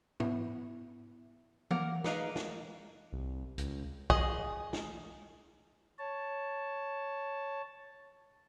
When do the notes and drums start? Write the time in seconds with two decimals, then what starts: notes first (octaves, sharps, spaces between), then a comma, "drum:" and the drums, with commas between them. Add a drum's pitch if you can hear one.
0.20 B3 E4, drum: tom G#2
1.71 A#3 A#4 F#5, drum: tom E3
2.04 D#4 G#4 A#4 B4 D#5 F5, drum: snare
2.36 drum: snare
3.13 C2
3.58 C#2, drum: hi-hat
4.10 G#4 D#5, drum: kick
4.73 drum: snare
5.98 C#5 A5